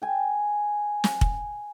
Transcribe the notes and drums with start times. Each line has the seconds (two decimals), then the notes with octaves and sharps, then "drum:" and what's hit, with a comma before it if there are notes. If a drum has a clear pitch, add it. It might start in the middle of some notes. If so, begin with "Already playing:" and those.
0.02 G5 G#5
1.04 drum: snare
1.21 drum: kick